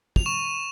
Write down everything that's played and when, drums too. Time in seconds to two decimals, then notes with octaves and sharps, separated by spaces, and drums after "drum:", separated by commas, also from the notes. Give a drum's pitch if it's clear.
0.16 F7, drum: kick
0.26 C#6 E7